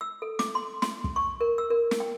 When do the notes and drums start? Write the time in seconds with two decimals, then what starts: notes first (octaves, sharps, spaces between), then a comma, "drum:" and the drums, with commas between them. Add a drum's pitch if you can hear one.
0.01 E6
0.22 A4
0.39 D6, drum: snare
0.55 C6
0.82 C6, drum: snare
1.04 drum: kick
1.16 C#6
1.41 A#4
1.58 E6
1.70 A#4
1.91 drum: snare
2.00 G5